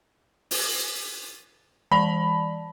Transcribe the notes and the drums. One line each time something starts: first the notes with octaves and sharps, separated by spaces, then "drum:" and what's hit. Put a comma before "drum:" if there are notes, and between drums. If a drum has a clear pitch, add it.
drum: open hi-hat
E3 D5 A5 B5